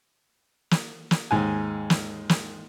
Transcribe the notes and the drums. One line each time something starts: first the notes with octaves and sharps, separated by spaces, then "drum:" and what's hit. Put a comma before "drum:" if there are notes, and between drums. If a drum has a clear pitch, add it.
drum: snare
drum: snare
D#2 G#2 G#5
drum: snare
drum: snare